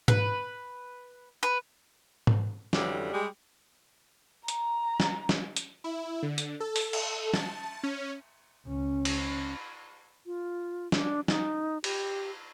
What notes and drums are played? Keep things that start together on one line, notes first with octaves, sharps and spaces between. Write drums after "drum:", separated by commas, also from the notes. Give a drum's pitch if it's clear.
B4, drum: tom G#2
B4
drum: tom G#2
F2 D3 E3 F#3 G3, drum: snare
G3 G#3
A#5, drum: hi-hat
drum: snare
drum: snare
drum: hi-hat
E4
D3
drum: hi-hat
A4
drum: open hi-hat
drum: cymbal
A5, drum: snare
C#4
C#2 C#4
drum: cymbal
F4
D4, drum: snare
D#4, drum: snare
G4, drum: cymbal